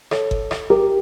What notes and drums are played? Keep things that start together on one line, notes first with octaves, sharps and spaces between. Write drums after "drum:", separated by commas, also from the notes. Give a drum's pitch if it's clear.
A4 C#5, drum: rim click
drum: kick G1
drum: rim click
G4 A#4